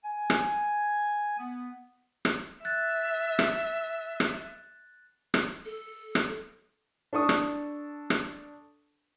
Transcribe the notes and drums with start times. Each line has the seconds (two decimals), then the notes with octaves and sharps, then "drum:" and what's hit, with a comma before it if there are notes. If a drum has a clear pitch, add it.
0.05 G#5
0.30 drum: rim click
1.39 B3
2.25 drum: rim click
2.65 E5 F#6 A6
3.39 drum: rim click
4.20 drum: rim click
5.34 drum: rim click
5.65 A4
6.15 drum: rim click
7.13 D4 A4 C#6 D#6
7.29 drum: rim click
8.10 drum: rim click